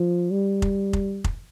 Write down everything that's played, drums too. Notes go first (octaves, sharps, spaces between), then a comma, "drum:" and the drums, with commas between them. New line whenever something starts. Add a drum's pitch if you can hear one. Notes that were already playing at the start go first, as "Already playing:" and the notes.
Already playing: F3
G3
drum: kick F1
drum: kick F1
drum: kick F1